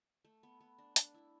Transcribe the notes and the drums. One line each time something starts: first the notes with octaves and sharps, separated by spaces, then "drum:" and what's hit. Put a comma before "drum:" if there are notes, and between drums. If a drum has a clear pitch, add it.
A3
B3
B3
D4
D4, drum: hi-hat
E4